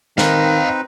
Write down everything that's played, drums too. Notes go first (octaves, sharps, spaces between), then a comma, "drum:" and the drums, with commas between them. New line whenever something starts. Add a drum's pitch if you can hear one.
D#3 C4 D#4 B4 D#5 F5, drum: snare